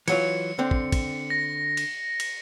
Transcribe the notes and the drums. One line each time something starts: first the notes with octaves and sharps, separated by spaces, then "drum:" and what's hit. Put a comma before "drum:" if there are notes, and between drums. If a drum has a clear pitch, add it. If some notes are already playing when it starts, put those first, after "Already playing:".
E3 F#3 F4 C#7, drum: cymbal
D3 C4
drum: kick
drum: kick, cymbal
A#6
drum: cymbal
drum: cymbal